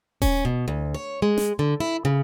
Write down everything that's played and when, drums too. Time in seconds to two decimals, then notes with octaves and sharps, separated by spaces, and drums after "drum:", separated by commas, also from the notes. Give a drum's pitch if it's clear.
0.22 C#4, drum: kick D#1, open hi-hat
0.45 B2
0.68 D2
0.94 C#5
1.22 G#3
1.38 drum: snare
1.59 D3
1.80 E4
2.05 C#3